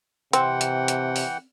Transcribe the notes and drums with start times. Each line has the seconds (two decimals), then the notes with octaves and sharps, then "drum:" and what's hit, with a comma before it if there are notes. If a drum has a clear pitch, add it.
0.33 C3 E3 C4 F#5 G5, drum: hi-hat
0.61 drum: hi-hat
0.88 drum: hi-hat
1.16 drum: open hi-hat